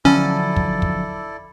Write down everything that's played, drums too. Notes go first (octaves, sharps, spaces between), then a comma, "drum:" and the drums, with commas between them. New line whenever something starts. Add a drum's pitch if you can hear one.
D3 F3 F#3 C#4 E4 A4 D5
drum: kick
drum: kick